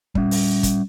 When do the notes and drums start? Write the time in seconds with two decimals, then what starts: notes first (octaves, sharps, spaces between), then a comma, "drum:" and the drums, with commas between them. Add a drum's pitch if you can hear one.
0.15 G3 C#4, drum: kick
0.31 drum: open hi-hat
0.63 drum: kick, hi-hat